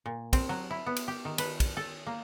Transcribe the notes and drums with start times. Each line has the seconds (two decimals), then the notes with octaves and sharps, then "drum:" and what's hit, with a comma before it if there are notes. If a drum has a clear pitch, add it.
0.06 A#2
0.33 C4, drum: kick, cymbal
0.49 F#3
0.71 E4
0.86 B3
0.96 drum: cymbal
1.08 G4
1.25 D#3
1.38 B4, drum: cymbal
1.60 drum: kick, cymbal
1.77 A4
2.07 A#3